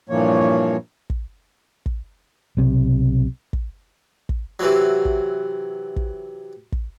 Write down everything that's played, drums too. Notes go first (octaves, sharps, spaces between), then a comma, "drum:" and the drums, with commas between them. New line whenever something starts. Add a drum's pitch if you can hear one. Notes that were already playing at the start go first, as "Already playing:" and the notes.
G2 A#2 E3 F3 A#3 C#5
drum: kick
drum: kick
B1 C3
drum: kick
drum: kick
C3 E3 F#3
drum: kick
drum: kick
drum: kick